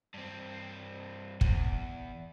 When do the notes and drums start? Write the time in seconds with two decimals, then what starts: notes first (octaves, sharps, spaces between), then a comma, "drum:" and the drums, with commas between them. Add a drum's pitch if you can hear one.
0.14 G2 C4
1.41 E2, drum: kick